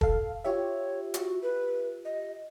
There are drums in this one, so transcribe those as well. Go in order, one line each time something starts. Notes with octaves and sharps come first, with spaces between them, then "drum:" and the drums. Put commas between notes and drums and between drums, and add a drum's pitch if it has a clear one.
A4 F5, drum: kick
F4 G4 C#5 E5
F#4, drum: hi-hat
B4
D#5